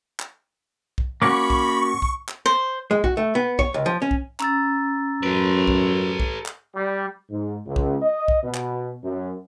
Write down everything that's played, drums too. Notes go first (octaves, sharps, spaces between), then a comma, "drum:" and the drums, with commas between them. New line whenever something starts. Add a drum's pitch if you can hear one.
drum: clap
drum: kick
A#3 C#4 F#4 B5 C#6 D6
drum: kick
drum: kick
drum: clap
C5
G#3
F#4, drum: kick
A3
B3
C#5, drum: kick
C#2
F3
C#4
drum: kick
C#4 A#5 E6 A6, drum: clap
F#2 A4 B4 D7
drum: kick
drum: kick
drum: clap
G3
G#2
C#2
drum: kick
D#5
drum: kick
B2
drum: clap
F#2